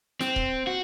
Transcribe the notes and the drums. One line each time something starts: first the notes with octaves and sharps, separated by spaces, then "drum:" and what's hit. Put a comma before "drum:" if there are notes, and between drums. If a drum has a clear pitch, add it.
C4, drum: snare
drum: kick
F#4